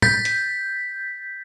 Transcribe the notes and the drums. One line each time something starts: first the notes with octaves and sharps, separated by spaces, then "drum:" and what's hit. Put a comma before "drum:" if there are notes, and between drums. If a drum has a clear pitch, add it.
G6 A6 B6, drum: tom
drum: hi-hat